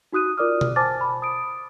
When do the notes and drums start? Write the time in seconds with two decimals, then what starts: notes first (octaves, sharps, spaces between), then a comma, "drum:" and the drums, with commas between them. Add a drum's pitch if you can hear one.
0.12 D#4 F#4 D#6 F#6 D#7
0.37 F4 A#4 D5 D6 D#6 F6
0.61 drum: tom B2
0.76 C5 G#5 A5 D6 F6 A6
1.01 B5
1.22 D#6 D7